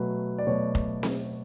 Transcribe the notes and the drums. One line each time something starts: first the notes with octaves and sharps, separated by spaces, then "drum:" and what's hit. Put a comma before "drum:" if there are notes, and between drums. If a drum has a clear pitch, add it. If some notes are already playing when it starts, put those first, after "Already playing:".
Already playing: B2 F#3 A3 B4
D5
B2 F#3 A3 C#5
drum: kick F1
drum: snare C4